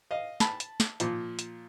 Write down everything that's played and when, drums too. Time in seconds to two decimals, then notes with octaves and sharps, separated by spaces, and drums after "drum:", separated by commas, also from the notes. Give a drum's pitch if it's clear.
0.11 D#5 F5
0.40 A5 B5, drum: snare
0.60 drum: hi-hat
0.80 drum: snare
1.00 A#2 F3, drum: hi-hat
1.39 drum: hi-hat